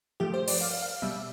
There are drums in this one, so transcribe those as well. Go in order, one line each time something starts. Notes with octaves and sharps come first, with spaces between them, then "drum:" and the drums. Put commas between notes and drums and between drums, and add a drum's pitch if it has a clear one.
G2 F3 A3 G4
C5
D5, drum: open hi-hat
F5
F5
B2 G3 E5